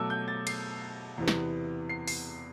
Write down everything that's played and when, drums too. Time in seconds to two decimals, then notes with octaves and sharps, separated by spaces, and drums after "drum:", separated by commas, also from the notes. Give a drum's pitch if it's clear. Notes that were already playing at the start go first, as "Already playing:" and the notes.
Already playing: B2 F#3 A3 D6 E6
0.10 G6
0.28 A6
0.47 C7, drum: cymbal
1.18 E2 C3 E3 B3
1.28 drum: snare
1.89 C7
2.08 C7, drum: open hi-hat